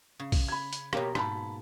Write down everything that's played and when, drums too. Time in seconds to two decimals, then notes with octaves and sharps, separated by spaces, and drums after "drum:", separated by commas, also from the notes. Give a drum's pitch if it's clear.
0.19 C#3
0.32 drum: kick B1, open hi-hat
0.48 B5 G#6
0.73 drum: hi-hat
0.93 B2 A#3 G4 A#4 C#5, drum: rim click
1.15 G#2 A5 B5, drum: rim click